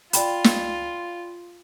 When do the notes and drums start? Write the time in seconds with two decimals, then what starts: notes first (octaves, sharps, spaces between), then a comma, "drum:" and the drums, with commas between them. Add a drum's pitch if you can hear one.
0.13 F4 D5 G5 B5, drum: hi-hat
0.44 drum: snare